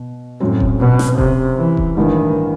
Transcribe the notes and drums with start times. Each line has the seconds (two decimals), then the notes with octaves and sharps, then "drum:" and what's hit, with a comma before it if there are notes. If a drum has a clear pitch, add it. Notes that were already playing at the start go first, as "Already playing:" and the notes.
Already playing: B2
0.40 F#2 A2 F#3 C4
0.60 drum: kick E1
0.80 B2
0.99 drum: snare
1.18 C3, drum: kick E1
1.58 E3
1.77 drum: kick E1
1.97 A1 G2 D#3 E3